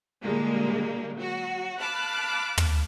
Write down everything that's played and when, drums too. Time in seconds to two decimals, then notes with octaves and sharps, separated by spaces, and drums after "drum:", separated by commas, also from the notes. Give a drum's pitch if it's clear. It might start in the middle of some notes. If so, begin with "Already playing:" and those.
0.21 A#2 D3 G3 G#3 A#3
1.16 F#3 F#4
1.79 F5 A5 B5 D6 F#6
2.58 drum: tom